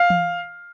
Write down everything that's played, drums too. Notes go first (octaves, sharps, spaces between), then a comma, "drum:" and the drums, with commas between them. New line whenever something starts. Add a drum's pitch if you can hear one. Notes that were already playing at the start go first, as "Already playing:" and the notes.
Already playing: F5
drum: tom E3